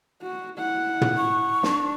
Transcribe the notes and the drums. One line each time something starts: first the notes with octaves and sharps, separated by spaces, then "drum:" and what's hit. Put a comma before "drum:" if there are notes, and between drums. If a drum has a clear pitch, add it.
F#4
E4 F#5
drum: tom
C#6
D4, drum: snare